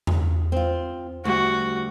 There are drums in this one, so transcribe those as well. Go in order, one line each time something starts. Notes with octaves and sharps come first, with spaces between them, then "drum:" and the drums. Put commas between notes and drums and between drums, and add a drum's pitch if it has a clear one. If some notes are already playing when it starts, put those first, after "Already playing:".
drum: tom E2
C4 F4
D2 G3 F#4